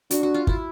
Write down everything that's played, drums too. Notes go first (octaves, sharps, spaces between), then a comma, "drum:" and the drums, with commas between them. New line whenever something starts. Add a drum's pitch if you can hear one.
D4 F#4, drum: hi-hat
F#4
F4
E4, drum: kick